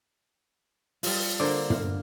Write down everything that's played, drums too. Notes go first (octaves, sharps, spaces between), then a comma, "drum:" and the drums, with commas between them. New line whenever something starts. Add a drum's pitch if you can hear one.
G3 F4, drum: open hi-hat
D3 A#3 C5 D5
F5, drum: tom